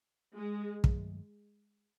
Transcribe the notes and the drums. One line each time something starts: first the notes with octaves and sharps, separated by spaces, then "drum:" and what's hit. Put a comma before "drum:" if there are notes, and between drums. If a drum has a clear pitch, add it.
G#3
G2 D#3 F#3 A3, drum: kick